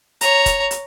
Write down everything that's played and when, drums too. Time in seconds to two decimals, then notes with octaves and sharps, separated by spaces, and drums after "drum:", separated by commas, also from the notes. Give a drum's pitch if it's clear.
0.21 C#5 A#5, drum: hi-hat
0.46 drum: kick, hi-hat
0.71 drum: hi-hat